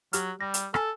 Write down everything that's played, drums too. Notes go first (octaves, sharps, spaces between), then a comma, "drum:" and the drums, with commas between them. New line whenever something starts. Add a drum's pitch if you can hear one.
F#3 G4 F6, drum: hi-hat
G3 A#6
drum: hi-hat
A4 G#5 F6, drum: rim click